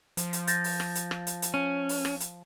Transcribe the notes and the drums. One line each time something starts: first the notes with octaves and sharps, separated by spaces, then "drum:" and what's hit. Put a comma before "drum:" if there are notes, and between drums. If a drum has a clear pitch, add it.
F3, drum: hi-hat
drum: hi-hat
G6 A6 A#6, drum: hi-hat
drum: open hi-hat
drum: rim click
drum: hi-hat
drum: rim click
drum: hi-hat
drum: hi-hat
C#4
drum: open hi-hat
drum: rim click
drum: hi-hat